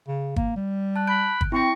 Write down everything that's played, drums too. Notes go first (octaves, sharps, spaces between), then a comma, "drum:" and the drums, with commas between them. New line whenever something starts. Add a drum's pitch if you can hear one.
C#3
A#3, drum: kick
G3
A5 F#6
B5 F#6 G6 D7
drum: kick
C4 E4 G5 C#6 A#6